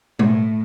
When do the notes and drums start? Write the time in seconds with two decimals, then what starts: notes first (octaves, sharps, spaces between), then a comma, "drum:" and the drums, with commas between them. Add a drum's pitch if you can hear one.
0.19 A2, drum: tom